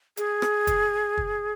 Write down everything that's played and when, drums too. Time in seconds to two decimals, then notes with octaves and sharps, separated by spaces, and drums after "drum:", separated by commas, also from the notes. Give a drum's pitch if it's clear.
0.17 G#4, drum: hi-hat
0.42 drum: rim click
0.67 drum: kick, hi-hat
1.18 drum: kick